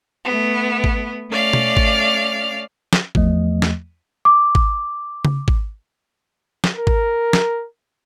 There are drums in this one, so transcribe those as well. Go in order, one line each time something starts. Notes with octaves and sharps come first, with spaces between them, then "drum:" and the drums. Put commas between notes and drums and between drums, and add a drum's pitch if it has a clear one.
A3 B3
drum: kick G#1
A3 C#4 D5 F5 F6
drum: tom B2
drum: kick G#1
drum: snare
E2 F3 A3 D#5, drum: kick G#1
drum: snare
D6
drum: kick G#1
drum: tom C#3
drum: kick G#1
drum: snare
A#4
drum: kick G#1
drum: snare